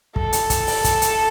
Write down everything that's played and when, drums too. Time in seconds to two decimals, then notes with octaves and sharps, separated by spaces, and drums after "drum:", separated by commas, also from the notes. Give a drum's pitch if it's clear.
0.16 A4, drum: kick
0.33 drum: hi-hat
0.50 drum: kick, hi-hat
0.67 drum: open hi-hat
0.84 drum: kick, hi-hat
1.02 drum: hi-hat